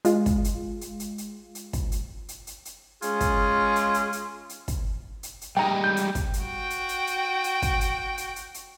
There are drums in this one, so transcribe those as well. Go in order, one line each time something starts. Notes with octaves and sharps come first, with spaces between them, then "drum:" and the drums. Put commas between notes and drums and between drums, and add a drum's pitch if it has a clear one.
G#3 F4, drum: hi-hat
drum: kick, hi-hat
drum: hi-hat
drum: hi-hat
drum: hi-hat
drum: hi-hat
drum: hi-hat
drum: kick, hi-hat
drum: hi-hat
drum: hi-hat
drum: hi-hat
drum: hi-hat
G#3 C#4 F4 G#4, drum: hi-hat
drum: kick, hi-hat
drum: hi-hat
drum: hi-hat
drum: hi-hat
drum: hi-hat
drum: kick, hi-hat
drum: hi-hat
drum: hi-hat
G3 G#3 D#5 G5 A#5
G6
drum: hi-hat
drum: kick, hi-hat
drum: hi-hat
F#4 G5
drum: hi-hat
drum: hi-hat
drum: hi-hat
drum: hi-hat
drum: kick, hi-hat
drum: hi-hat
drum: hi-hat
drum: hi-hat
drum: hi-hat